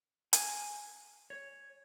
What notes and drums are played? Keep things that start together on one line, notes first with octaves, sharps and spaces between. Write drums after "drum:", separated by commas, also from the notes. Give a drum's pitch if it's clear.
G#5, drum: hi-hat
C#5